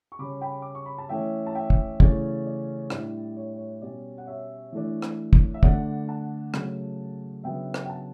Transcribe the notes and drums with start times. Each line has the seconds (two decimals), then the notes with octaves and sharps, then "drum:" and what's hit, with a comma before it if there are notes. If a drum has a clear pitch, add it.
0.12 C#6
0.19 C#3 G3 C#4 B5 D6
0.41 G5 B5
0.62 D6
0.75 C#6
0.86 B5
0.98 A5
1.09 E3 A3 C#4 E5 G5
1.46 A5
1.55 E5 G5
1.70 drum: kick
2.00 C#3 E3 A3 C#4 D5, drum: kick
2.46 D5
2.90 A2 G3 D4 D5, drum: rim click
3.36 C#5
3.56 C#5
3.82 B2 G3 C#4 D5
4.18 F#5
4.27 C#5 E5
4.72 E3 A3 D4
5.02 drum: rim click
5.33 drum: kick
5.54 E5
5.63 D3 A3 D4 D5 F#5, drum: kick
6.08 F#5 A5
6.54 C#3 F#3 A3, drum: rim click
7.44 C#3 F#3 B3 D4 E5 G5
7.74 drum: rim click
7.86 G5
7.89 F#5 A5